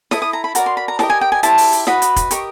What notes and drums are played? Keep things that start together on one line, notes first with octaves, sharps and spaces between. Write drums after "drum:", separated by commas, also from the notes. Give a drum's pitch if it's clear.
E4 A4 D#6, drum: snare
D#6
A#5
B5
F#4 A#4 D5 A#5, drum: hi-hat
C6
B5
A#5
G4 A#4 D#5 A5, drum: snare
G#5
G5
G#5
E4 G4 C5 A5, drum: hi-hat
drum: open hi-hat
drum: hi-hat
F#4 B4 D#5 B5, drum: snare
drum: hi-hat
drum: kick, hi-hat
G4 A#4 D#5 C#6, drum: hi-hat